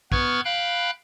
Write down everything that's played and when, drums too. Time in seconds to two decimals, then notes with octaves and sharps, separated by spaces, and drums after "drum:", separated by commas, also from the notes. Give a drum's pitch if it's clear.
0.12 B3 B4 C#6 F6 G#6, drum: kick
0.45 F5 G5 B5 F#6